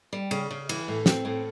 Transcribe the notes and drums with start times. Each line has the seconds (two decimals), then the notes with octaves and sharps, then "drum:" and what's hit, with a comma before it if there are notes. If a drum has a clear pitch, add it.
0.13 G3
0.31 C#3, drum: cymbal
0.51 C#3
0.69 E3, drum: cymbal
0.88 A2
1.06 C4, drum: snare
1.25 A2